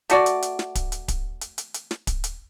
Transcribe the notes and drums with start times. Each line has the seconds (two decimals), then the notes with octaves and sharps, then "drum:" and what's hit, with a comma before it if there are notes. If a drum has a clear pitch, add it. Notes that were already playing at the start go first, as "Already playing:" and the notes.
0.10 A3 F#4 D5, drum: hi-hat
0.26 drum: hi-hat
0.42 drum: hi-hat
0.59 drum: snare
0.75 drum: kick D1, hi-hat
0.92 drum: hi-hat
1.08 drum: kick D1, hi-hat
1.41 drum: hi-hat
1.58 drum: hi-hat
1.74 drum: hi-hat
1.91 drum: snare
2.07 drum: kick D1, hi-hat
2.24 drum: hi-hat